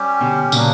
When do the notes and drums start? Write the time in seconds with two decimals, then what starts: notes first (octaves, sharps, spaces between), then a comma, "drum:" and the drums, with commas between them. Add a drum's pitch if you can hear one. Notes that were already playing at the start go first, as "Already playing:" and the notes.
Already playing: G3 C#4 G4
0.21 B2 D3
0.52 A#2 C#3 F#3 A#3 D4, drum: tambourine